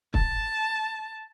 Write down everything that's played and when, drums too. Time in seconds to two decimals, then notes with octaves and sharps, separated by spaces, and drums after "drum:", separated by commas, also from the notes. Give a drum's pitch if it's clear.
0.14 A5, drum: kick